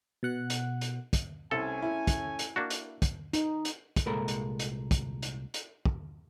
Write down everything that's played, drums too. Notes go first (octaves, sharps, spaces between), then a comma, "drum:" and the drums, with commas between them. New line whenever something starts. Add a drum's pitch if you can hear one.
B2 F#5 F#6
drum: hi-hat
drum: hi-hat
drum: kick, hi-hat
C2 A3 C#4 A4 G#5
E4
drum: kick, hi-hat
drum: hi-hat
A#3 D4 F#4
drum: hi-hat
drum: kick, hi-hat
D#4, drum: hi-hat
drum: hi-hat
drum: kick, hi-hat
C2 A#2 G#3 A4 A#4 B5
drum: hi-hat
drum: hi-hat
drum: kick, hi-hat
drum: hi-hat
drum: hi-hat
drum: kick